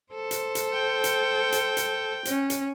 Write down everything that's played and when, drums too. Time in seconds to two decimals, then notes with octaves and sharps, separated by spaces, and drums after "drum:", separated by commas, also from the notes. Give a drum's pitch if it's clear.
0.13 A4 C5
0.31 drum: hi-hat
0.55 drum: hi-hat
0.73 G5
1.04 drum: hi-hat
1.52 drum: hi-hat
1.77 drum: hi-hat
2.25 C#4, drum: hi-hat
2.50 drum: hi-hat